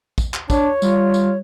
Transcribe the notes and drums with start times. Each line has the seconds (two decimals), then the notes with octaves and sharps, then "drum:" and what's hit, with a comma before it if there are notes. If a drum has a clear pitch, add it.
0.18 drum: kick, tambourine
0.34 drum: clap
0.50 D4 C#5, drum: kick, tambourine
0.82 G3 F4, drum: tambourine
1.14 drum: tambourine